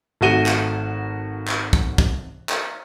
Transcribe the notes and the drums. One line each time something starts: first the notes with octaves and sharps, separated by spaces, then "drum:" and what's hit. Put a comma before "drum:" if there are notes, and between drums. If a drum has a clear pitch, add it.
G#1 A3 F#4 D#7 G7
drum: clap
drum: clap
drum: kick
drum: kick
drum: clap